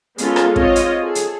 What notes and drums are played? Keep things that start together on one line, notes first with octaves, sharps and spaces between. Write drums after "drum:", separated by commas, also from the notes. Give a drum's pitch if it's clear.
G#3 B3 C#4 F4 A4, drum: hi-hat
drum: rim click
C4 F4 C#5 D#5, drum: kick
drum: hi-hat
G#4 A4
drum: hi-hat